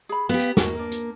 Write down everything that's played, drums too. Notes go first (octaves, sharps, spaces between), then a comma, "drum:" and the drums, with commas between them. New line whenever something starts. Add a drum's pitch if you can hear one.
G#4 B5
B3 G4 F5
drum: hi-hat
A#3 F#4, drum: snare
D4 A#4
drum: hi-hat